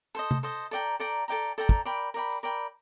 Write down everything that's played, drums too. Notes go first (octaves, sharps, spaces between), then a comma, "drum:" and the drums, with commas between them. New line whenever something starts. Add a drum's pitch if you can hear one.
A4 C5 D#5
drum: tom C3
A4 C5 D#5
A4 D5 G5 A#5
A4 D5 G5 A#5
A4 D5 G5 A#5
A4 D5 G5 A#5
drum: kick
A#4 D5 G5 B5
A#4 D5 G5 B5
drum: tambourine
A#4 D5 G5 B5